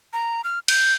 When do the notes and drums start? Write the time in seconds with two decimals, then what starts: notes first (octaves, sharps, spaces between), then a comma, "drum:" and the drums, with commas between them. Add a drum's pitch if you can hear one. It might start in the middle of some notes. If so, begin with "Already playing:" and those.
0.13 A#5
0.44 F6
0.68 G6, drum: cymbal